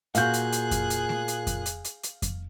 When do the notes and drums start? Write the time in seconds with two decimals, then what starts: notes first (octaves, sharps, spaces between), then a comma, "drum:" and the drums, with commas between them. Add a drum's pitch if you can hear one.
0.15 A#2 F#4 G#4 F5 F#6 G6, drum: hi-hat
0.34 drum: hi-hat
0.52 drum: hi-hat
0.71 drum: kick F2, hi-hat
0.90 drum: hi-hat
1.09 drum: snare A3
1.28 drum: hi-hat
1.47 drum: kick F2, hi-hat
1.66 drum: hi-hat
1.84 drum: hi-hat
2.03 drum: hi-hat
2.22 drum: kick F2, hi-hat